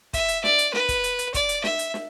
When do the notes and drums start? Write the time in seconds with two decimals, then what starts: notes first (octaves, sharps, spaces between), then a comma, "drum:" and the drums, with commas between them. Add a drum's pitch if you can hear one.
0.13 E5, drum: kick, hi-hat
0.28 drum: hi-hat
0.44 D5, drum: snare
0.59 drum: hi-hat
0.73 B4, drum: snare
0.89 drum: kick, hi-hat
1.04 drum: hi-hat
1.19 drum: hi-hat
1.34 D5, drum: kick, hi-hat
1.49 drum: hi-hat
1.64 E5, drum: snare
1.79 drum: hi-hat
1.94 drum: snare